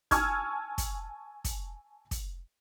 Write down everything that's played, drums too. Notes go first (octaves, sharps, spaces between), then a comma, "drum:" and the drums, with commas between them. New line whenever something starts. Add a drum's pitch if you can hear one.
G#5 A5 C#6 E6 F6 G#6, drum: kick, hi-hat
drum: kick, hi-hat
drum: kick, hi-hat
drum: kick, hi-hat